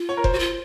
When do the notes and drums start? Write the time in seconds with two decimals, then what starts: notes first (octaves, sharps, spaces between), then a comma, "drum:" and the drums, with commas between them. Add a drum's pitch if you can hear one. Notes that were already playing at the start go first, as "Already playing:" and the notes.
Already playing: F4
0.09 C#5
0.17 A#4
0.24 C5, drum: kick F1
0.33 F#4
0.39 F4